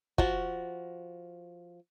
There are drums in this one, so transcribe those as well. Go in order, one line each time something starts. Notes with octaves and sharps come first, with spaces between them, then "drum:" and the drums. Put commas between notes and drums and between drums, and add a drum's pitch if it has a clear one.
F3 F#4, drum: kick